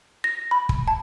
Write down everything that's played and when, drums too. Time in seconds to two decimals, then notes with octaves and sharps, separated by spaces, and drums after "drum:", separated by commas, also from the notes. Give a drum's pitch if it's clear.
0.24 A#6
0.51 B5
0.69 drum: kick
0.88 A5